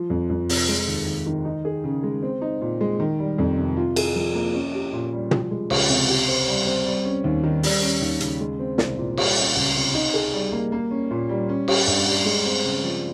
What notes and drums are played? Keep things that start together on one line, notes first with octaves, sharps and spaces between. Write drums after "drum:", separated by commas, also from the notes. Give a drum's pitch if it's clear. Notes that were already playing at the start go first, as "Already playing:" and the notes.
Already playing: F3
F2
F2
C3, drum: open hi-hat
G#3
D#2
D#2
D#3
D#4
G#4
C#3
G#3
C4
D#4
A#2
G#3
D#3
G3
F2
C3
F4
G#4, drum: cymbal
F3
A#3
C#4
G4
A#2
G3
F3, drum: tom
G#3
C#2, drum: cymbal
C3
G4
C5
G3
C4
G3
C#4
D#2
D#3
G3, drum: open hi-hat
C#4
D#2
C#3, drum: hi-hat
G#3
C4
C2, drum: snare
A#2
G3, drum: cymbal
C#4
C#2
C3
D#4
G#4
G3
A#3
A#3
C#4
A#2
G3
C#4
G4, drum: cymbal
G2
G3
G#3
C4
C#3
F3